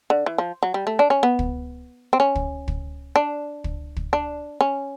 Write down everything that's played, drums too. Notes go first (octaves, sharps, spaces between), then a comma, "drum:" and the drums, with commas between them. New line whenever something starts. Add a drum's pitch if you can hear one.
D3
E3
F3
F#3
G3
A3
D4
C#4
B3
drum: kick
C4
C#4
drum: kick
drum: kick
D4
drum: kick
drum: kick
D4
C#4